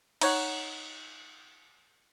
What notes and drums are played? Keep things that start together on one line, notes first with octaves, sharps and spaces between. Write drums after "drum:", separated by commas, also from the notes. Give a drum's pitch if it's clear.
D#4 C#5 F#5, drum: cymbal